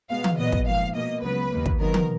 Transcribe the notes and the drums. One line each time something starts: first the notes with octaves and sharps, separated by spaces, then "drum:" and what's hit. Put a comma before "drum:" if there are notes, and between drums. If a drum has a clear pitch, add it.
B2 G#3 B3 F5
drum: tom E3
A#2 F#3 B3 D#5
drum: kick
G#2 F3 A#3 F5
B2 A#3 D#5
C#2 C#3 F#3 B3 B4
D#2 D#3 A#3
drum: kick
D#2 D#3 F#3 B3 A#4
drum: tom E3